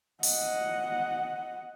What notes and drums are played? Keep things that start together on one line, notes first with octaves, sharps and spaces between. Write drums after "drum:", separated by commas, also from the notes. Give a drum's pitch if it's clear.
D#5 F#5, drum: open hi-hat